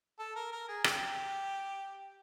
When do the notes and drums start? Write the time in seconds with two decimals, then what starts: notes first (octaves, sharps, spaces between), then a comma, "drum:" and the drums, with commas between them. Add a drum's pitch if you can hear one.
0.19 A4
0.36 A#4
0.52 A#4
0.68 G#4
0.84 G4, drum: rim click